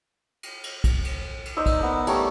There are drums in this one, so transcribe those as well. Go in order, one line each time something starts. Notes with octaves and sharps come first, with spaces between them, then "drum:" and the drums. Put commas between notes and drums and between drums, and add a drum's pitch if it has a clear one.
drum: cymbal
drum: cymbal
drum: kick B1, cymbal
drum: cymbal
drum: cymbal
D#4 C5 D5 E5
drum: kick B1, cymbal
B3 A#4
G3 A3 C#5 A#5, drum: cymbal